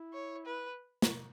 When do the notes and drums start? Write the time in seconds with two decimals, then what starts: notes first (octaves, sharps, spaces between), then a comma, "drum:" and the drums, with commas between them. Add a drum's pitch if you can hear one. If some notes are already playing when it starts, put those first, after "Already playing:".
Already playing: E4
0.13 C#5
0.46 B4
1.02 drum: snare